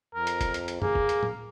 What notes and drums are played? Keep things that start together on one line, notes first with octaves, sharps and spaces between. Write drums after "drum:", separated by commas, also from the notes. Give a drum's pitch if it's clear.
F2 A#4
drum: hi-hat
drum: kick, hi-hat
drum: hi-hat
drum: hi-hat
A#3 G#4, drum: tom F#2
drum: kick
drum: hi-hat
drum: tom